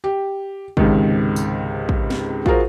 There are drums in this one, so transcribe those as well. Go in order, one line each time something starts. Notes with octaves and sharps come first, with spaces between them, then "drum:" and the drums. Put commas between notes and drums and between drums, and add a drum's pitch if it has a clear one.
G4
C#2 G#2 C3 D#3, drum: kick
drum: tambourine
drum: kick
drum: snare
F4 F#4 G#4 A#4 C5, drum: kick